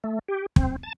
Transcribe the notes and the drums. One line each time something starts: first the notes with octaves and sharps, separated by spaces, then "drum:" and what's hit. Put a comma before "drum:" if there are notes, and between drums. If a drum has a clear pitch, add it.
A3
G4
C4, drum: kick
A5